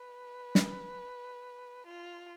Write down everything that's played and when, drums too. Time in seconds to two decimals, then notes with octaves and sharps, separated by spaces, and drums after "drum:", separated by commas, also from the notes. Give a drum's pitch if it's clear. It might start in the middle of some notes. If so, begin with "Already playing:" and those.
Already playing: B4
0.55 drum: snare
1.87 F4